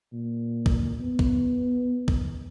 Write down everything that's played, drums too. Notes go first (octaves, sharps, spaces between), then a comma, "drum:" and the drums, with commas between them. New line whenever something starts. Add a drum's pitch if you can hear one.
A#2
drum: kick
B3
drum: kick
drum: kick